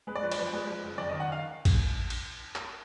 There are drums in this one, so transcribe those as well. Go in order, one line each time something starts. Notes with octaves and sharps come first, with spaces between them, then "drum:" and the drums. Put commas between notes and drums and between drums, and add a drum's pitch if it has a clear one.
G#3 B4
D5
F3 B4
D5, drum: cymbal
F3 B4
D5
G#3 B4
F3
F#1
F2 D5
D#5
D#3
F#5
D#3 F5
drum: kick A1, cymbal
drum: cymbal
drum: clap